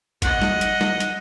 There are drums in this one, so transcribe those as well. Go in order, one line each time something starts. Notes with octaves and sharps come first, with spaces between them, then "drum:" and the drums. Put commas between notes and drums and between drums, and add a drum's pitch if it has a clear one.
D#5 F#5, drum: kick G#1, hi-hat
drum: snare
drum: hi-hat
drum: snare
drum: hi-hat